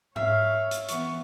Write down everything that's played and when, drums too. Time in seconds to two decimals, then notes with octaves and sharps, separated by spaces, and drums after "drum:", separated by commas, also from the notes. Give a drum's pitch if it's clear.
0.16 C#5 E5 F5, drum: tom G#2
0.71 drum: hi-hat
0.88 E3 B3 C#6, drum: hi-hat